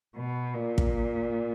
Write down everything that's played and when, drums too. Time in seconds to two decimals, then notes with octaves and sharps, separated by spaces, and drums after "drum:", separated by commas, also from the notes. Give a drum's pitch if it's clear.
0.16 B2
0.53 A#2
0.78 drum: kick